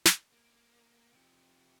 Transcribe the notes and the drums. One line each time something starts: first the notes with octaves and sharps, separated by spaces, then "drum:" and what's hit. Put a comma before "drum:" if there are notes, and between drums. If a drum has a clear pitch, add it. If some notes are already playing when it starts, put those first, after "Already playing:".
drum: snare
A#3
C3 F3